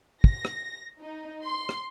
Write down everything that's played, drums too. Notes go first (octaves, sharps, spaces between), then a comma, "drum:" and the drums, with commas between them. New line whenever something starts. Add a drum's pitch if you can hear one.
A#6, drum: kick
drum: rim click
D#4
C6
drum: rim click